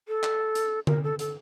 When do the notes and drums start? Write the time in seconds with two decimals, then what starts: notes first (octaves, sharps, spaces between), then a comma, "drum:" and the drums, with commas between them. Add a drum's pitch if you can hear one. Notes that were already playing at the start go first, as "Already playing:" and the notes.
0.08 A4
0.24 drum: clap
0.55 drum: hi-hat
0.87 A#4, drum: tom D3
1.03 A4
1.19 A4, drum: hi-hat